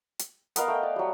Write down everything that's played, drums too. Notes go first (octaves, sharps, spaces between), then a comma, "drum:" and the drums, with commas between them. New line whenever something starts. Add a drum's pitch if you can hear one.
drum: hi-hat
B3 A#4 D#5 F5, drum: hi-hat
A3 G5
D5
F#3 G3